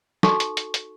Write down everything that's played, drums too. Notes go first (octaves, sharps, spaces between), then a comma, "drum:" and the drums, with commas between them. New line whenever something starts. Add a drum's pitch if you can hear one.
D#4 F#4 A4 C#6, drum: snare
drum: hi-hat
drum: hi-hat
drum: hi-hat